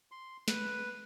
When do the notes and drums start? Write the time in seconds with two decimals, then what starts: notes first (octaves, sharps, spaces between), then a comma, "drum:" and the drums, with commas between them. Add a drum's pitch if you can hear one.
0.12 C6
0.48 B4, drum: snare